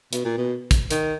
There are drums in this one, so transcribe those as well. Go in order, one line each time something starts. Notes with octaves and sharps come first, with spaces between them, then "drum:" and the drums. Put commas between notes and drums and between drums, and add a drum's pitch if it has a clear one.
B2, drum: hi-hat
A#2
B2
drum: kick, hi-hat
D#3, drum: hi-hat